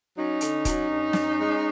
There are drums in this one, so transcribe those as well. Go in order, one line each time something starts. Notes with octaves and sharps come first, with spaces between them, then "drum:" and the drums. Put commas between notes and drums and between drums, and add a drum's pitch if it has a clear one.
F#3 C#4 D#4
D3, drum: hi-hat
F#3, drum: kick D#1, hi-hat
G2
G2, drum: snare
G#3